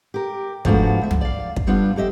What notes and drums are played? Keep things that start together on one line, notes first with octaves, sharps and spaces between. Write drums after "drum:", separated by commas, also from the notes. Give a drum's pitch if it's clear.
G4 A#4
G#2 F3 A3 B3 D4 F#4, drum: kick
D2 E5
drum: tom
D5 F5
drum: kick
G2 G3 B3 D4 F4
F2 G4 D#5 E5